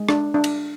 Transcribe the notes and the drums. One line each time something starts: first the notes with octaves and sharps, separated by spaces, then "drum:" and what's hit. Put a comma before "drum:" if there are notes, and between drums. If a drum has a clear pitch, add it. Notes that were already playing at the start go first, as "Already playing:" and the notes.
Already playing: G#3
D4, drum: rim click
D4
drum: cymbal